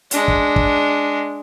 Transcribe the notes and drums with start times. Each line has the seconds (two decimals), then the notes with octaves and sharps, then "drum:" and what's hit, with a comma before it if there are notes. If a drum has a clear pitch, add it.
0.11 G#3 D4, drum: hi-hat
0.28 drum: kick
0.56 drum: kick